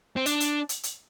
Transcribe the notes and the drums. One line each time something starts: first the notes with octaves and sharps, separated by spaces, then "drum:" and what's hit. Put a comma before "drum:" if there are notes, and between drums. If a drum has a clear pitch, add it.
C4
D4, drum: hi-hat
drum: hi-hat
drum: hi-hat
drum: hi-hat